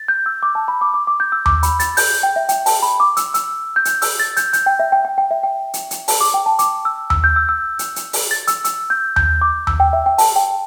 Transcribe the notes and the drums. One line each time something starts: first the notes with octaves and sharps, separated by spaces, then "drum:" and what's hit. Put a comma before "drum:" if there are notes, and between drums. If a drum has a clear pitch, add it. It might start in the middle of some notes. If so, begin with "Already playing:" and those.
Already playing: A6
G6
E6
D6
A5
B5
D6
D6
D6
G6
E6
D6, drum: tom D#2
B5, drum: hi-hat
A6, drum: hi-hat
G6, drum: open hi-hat
G5
E5
G5, drum: hi-hat
A5, drum: open hi-hat
B5
D6
E6, drum: hi-hat
E6, drum: hi-hat
G6
drum: hi-hat
E6, drum: open hi-hat
A6
G6, drum: hi-hat
G6, drum: hi-hat
G5
E5
G5
G5
G5
E5
G5
drum: hi-hat
drum: hi-hat
A5, drum: open hi-hat
D6
G5
A5
D6, drum: hi-hat
E6
E6, drum: tom D#2
G6
E6
E6
drum: hi-hat
drum: hi-hat
drum: open hi-hat
A6
E6, drum: hi-hat
E6, drum: hi-hat
G6
G6, drum: tom D#2
D6
E6, drum: tom D#2
G5
E5
G5
A5, drum: open hi-hat
G5